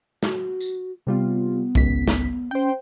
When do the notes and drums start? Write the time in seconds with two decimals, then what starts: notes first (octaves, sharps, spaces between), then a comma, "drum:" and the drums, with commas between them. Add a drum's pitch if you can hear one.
0.23 F#4, drum: snare
0.60 drum: tambourine
1.07 C3 G3 B3 F4
1.75 G#1 C#2 B6, drum: kick B1
2.08 drum: snare
2.51 C#4 C5 G5